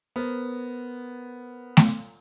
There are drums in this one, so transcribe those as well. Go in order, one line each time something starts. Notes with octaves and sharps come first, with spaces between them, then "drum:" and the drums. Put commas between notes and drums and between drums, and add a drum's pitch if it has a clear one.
B3 A#4 C5
drum: snare A3